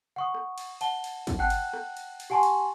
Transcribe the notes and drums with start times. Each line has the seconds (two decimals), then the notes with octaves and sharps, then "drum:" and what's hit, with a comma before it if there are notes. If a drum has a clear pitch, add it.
0.16 F#5 C#6 D#6
0.34 drum: rim click
0.58 drum: cymbal
0.81 F#5 A5 G7, drum: cymbal
1.04 drum: cymbal
1.27 drum: kick, cymbal
1.39 F#5 G5 A5 F#6
1.50 drum: cymbal
1.73 drum: rim click
1.97 drum: cymbal
2.20 drum: cymbal
2.30 G4 F#5 G#5 A5 C6 C#6
2.43 drum: cymbal